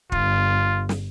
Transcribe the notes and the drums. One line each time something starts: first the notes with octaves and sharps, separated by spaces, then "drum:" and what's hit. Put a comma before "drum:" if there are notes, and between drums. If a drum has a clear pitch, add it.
G1 F4, drum: kick
drum: snare